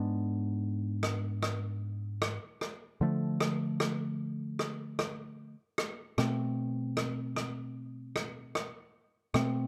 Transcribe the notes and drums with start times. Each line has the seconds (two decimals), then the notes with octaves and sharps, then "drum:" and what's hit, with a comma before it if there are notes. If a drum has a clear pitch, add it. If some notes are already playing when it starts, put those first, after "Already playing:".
Already playing: G#2 G#3 B3 D4
1.03 drum: rim click
1.43 drum: rim click
2.22 drum: rim click
2.61 drum: rim click
3.01 D3 F3 A3
3.41 drum: rim click
3.80 drum: rim click
4.59 drum: rim click
4.99 drum: rim click
5.78 drum: rim click
6.18 B2 A3 C4, drum: rim click
6.97 drum: rim click
7.36 drum: rim click
8.16 drum: rim click
8.55 drum: rim click
9.34 B2 A3 C4, drum: rim click